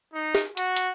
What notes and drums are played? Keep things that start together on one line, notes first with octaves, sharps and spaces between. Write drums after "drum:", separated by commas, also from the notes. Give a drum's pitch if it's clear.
D#4
drum: snare G#4
F#4, drum: hi-hat
drum: hi-hat